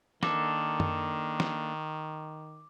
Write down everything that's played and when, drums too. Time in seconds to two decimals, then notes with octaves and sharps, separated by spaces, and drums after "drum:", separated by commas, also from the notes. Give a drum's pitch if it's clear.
0.23 D#3 A#3 D4 A4 D6, drum: snare
0.80 drum: tom F#2
1.40 drum: snare